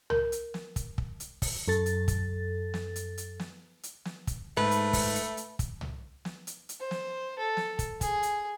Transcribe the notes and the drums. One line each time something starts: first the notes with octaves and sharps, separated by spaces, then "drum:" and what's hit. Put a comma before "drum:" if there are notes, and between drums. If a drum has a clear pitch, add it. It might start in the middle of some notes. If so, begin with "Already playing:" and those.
A#4, drum: tom
drum: hi-hat
drum: snare
drum: kick, hi-hat
drum: kick
drum: hi-hat
drum: kick, open hi-hat
F#2 A4 A6
drum: hi-hat
drum: kick, hi-hat
drum: snare
drum: hi-hat
drum: hi-hat
drum: snare
drum: hi-hat
drum: snare
drum: kick, hi-hat
G#2 A3 B4
drum: hi-hat
drum: kick, open hi-hat
drum: hi-hat
drum: hi-hat
drum: kick, hi-hat
drum: tom
drum: snare
drum: hi-hat
drum: hi-hat
C5
drum: snare
A4
drum: snare
drum: kick, hi-hat
G#4, drum: kick, hi-hat
drum: hi-hat